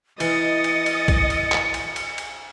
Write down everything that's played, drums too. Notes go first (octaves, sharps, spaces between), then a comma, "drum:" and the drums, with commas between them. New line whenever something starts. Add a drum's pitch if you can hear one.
E3 D#5 D#6 A6 C#7, drum: cymbal
drum: cymbal
drum: cymbal
drum: kick B1, cymbal
drum: cymbal
drum: clap
drum: cymbal
drum: cymbal
drum: cymbal